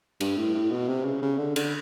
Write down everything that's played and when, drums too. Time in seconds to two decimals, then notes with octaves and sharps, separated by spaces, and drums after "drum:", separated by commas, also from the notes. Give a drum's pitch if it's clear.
0.21 G2, drum: cymbal
0.38 A2
0.54 A2
0.71 B2
0.88 C3
1.05 C#3
1.22 C#3
1.39 D3
1.56 D3, drum: cymbal